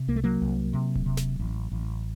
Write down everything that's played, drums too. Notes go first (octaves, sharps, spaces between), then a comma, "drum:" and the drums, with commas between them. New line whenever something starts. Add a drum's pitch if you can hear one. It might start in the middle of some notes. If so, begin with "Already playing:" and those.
Already playing: C3
C2 A#3
A3
F#3 A#3
C2
C3
drum: kick D1
C3
drum: snare
A1
A1